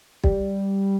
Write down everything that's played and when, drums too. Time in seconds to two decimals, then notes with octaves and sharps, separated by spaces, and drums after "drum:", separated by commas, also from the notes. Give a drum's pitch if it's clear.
0.24 G3, drum: kick